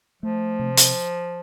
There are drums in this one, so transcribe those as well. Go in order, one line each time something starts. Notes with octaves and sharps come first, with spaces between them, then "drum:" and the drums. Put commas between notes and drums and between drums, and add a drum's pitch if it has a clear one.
F3 A3
C3
drum: hi-hat